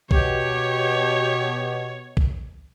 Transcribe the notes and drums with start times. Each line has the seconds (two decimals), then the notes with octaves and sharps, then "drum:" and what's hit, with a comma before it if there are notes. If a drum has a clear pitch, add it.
0.11 B2 G4 C#5, drum: kick B1
2.17 drum: kick B1